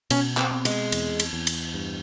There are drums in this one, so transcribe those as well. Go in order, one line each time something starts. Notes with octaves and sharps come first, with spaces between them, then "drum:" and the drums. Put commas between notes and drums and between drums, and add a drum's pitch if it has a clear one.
B2 C#4, drum: cymbal
C4, drum: clap
C4
G#3, drum: cymbal
E2, drum: cymbal
drum: cymbal
E2
drum: cymbal
G2